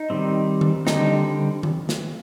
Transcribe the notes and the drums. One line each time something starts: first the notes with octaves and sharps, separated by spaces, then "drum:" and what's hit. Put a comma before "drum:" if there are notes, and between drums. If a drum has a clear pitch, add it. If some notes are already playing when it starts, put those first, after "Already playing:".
Already playing: D#4
D#3 G3 C4
drum: tom D#3
D3 G3 C4 D#4, drum: snare
drum: tom D#3
drum: snare